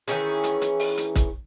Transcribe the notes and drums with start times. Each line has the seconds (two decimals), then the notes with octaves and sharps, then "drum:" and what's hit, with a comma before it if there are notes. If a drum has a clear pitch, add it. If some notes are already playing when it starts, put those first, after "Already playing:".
0.08 D#3 E3 C#4 G#4, drum: hi-hat
0.44 drum: hi-hat
0.62 drum: hi-hat
0.80 drum: open hi-hat
0.97 drum: hi-hat
1.15 drum: kick, hi-hat